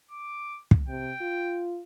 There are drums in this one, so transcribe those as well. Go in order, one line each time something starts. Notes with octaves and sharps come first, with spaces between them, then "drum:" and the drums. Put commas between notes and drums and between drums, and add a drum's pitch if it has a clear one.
D6
drum: kick
C3 G5
F4